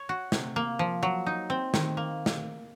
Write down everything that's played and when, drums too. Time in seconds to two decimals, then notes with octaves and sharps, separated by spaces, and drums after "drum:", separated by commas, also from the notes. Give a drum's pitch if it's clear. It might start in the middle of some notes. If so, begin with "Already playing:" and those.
Already playing: C#5
0.09 F#4
0.32 C3, drum: snare
0.56 A#3
0.79 F3
1.03 F#3
1.26 D#4
1.50 C4
1.74 D#3, drum: snare
1.97 A#3
2.26 drum: snare